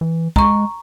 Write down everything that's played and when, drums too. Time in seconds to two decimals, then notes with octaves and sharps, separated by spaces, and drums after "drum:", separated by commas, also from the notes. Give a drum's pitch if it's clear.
0.01 E3
0.36 G#3 A#5 C#6, drum: kick